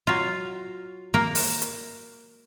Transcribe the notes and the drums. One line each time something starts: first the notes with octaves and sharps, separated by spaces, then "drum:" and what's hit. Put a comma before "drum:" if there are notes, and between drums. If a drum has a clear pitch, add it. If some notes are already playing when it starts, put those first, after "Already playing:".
F#3 F4
A#3 A#4
drum: open hi-hat
drum: hi-hat